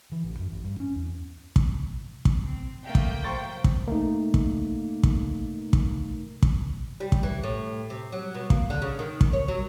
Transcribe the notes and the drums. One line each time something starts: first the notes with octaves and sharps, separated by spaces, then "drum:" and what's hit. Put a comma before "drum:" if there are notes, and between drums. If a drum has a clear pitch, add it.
E3
A1
F#2
A1
G2
C#4
E2
drum: kick
drum: kick
C4
A3 A#3 G5
drum: kick
F3 F#3 C5 C#6 A6
drum: kick
A3 A#3 D#4
drum: kick
drum: kick
drum: kick
drum: kick
G3
drum: kick
E3
A2
C3
F#3
B2
A#3, drum: kick
D3
C#3
D#3
drum: kick
C#5
F#3